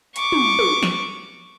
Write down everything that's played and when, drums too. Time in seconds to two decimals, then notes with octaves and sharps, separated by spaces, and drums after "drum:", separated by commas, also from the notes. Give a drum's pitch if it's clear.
0.16 C#6 D6, drum: hi-hat
0.32 drum: tom
0.59 drum: tom
0.83 drum: snare